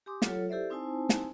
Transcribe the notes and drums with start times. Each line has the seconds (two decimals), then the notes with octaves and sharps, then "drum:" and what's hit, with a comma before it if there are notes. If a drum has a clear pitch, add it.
0.06 G4 G#5 C6 D6 D#6
0.22 F#3 F4 A4 C#5, drum: snare
0.49 E4 G4 A4 C5 D5 E5
0.70 C4 D#4 E4 C5 G#5 A5
1.09 drum: snare